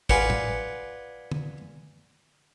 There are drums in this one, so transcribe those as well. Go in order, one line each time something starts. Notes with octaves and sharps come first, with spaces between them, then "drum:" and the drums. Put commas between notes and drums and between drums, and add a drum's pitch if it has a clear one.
F4 G#4 B4 D5 F#5, drum: kick
drum: tom
drum: tom